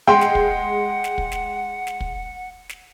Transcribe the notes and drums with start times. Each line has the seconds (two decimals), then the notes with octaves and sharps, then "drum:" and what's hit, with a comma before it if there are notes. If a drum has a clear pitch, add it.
0.07 G#3 F#5 G5 C6
0.21 drum: snare
0.35 drum: kick
1.04 drum: snare
1.18 drum: kick
1.32 drum: snare
1.87 drum: snare
2.00 drum: kick
2.69 drum: snare